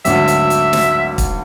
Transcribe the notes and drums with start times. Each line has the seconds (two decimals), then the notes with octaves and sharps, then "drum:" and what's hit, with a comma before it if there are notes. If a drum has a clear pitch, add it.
0.05 G#1 D2 F#3 E5, drum: hi-hat
0.28 drum: hi-hat
0.50 drum: hi-hat
0.73 drum: snare
1.18 drum: kick, hi-hat